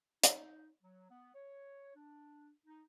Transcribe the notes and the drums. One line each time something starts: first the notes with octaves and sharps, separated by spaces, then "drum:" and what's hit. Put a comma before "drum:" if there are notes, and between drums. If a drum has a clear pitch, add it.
D#4, drum: hi-hat
F#3
B3
C#5
D4
D#4